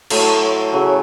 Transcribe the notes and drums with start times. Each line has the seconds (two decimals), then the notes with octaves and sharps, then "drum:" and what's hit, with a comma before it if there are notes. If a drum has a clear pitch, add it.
0.10 A2 F#3 A3, drum: cymbal
0.72 C#3 F#3 A3